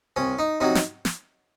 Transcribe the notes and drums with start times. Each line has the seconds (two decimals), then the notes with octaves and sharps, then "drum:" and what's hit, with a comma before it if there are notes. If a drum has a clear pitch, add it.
0.16 C2 C#4
0.39 D#4
0.60 C3 F#3 D#4
0.75 drum: snare
1.05 drum: snare